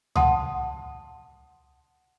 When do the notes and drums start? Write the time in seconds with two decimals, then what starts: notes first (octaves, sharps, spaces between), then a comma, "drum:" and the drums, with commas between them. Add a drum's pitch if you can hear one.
0.16 F#5 A5 C6 D#6, drum: tom C#2